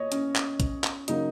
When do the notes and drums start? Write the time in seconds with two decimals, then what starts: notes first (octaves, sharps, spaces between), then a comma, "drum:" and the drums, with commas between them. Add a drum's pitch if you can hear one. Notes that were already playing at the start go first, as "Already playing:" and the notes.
Already playing: C#5 D#5
0.12 C#4, drum: hi-hat
0.35 drum: clap
0.60 drum: kick, hi-hat
0.84 drum: clap
1.08 C#3 F#3 A#3 D#4, drum: hi-hat